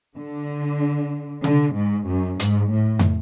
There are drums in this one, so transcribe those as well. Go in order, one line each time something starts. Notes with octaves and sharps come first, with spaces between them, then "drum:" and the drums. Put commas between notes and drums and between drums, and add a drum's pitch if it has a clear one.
D3
D3, drum: tom C3
G#2
F#2
G#2, drum: hi-hat
A2
drum: tom